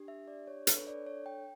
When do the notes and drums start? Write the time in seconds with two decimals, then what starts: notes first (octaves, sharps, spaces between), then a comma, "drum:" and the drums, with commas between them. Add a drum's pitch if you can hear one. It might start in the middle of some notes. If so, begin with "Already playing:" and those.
Already playing: D4 G4
0.08 E5
0.28 D5
0.47 C#5
0.67 D4 A4 B4, drum: hi-hat
0.77 C#5
0.87 D5
1.07 C#5
1.26 G5